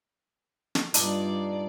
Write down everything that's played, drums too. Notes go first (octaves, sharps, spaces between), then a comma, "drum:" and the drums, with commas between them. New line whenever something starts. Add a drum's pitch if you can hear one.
drum: snare
G2 D4 D#4 F4 D5, drum: hi-hat